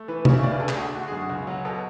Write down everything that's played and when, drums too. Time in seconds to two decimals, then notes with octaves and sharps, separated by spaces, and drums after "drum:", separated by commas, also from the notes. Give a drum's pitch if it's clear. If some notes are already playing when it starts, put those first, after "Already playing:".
Already playing: A3
0.08 E3 B4
0.25 C#3 C#5, drum: tom C3
0.34 E5
0.39 C#5
0.43 D2 D5
0.52 B4
0.60 D4 A4
0.69 G#4, drum: clap
0.77 A3 F#4
0.95 D3 F#4
1.08 F#2 G#4
1.21 F#4
1.30 C#2
1.47 F#3
1.65 B2 A4